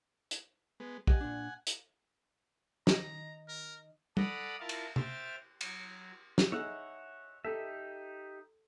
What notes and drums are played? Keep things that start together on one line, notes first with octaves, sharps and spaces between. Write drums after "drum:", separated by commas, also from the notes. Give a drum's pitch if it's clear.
drum: hi-hat
G#3 B3
G4 D#5 F#5 G#5, drum: kick
A#2 D4
drum: hi-hat
D#3 D#5 A#5, drum: snare
A#4
A4 D5 F#5 A#5 B5 D#6, drum: tom
E4 F4 A#4 F5 A5
drum: cymbal
C5 E5 G5 F6 A6, drum: tom
F#3, drum: cymbal
drum: snare
D#4 G#4 C#5 E5 F#5
D#4 G4 A4 E5